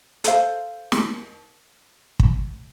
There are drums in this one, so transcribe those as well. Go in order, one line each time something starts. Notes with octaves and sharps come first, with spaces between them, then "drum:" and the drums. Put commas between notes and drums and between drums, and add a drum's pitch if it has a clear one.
A4 C5 F5, drum: hi-hat
drum: snare
drum: kick